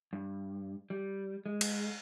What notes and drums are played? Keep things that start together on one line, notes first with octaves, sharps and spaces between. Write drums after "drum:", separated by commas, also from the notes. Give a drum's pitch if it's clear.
G2
G3
G#3
drum: cymbal